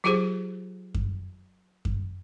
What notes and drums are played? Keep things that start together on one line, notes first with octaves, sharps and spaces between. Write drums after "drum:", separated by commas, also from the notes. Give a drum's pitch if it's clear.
F#3 F4 G4 G#4 C5
drum: kick F#2
drum: kick F#2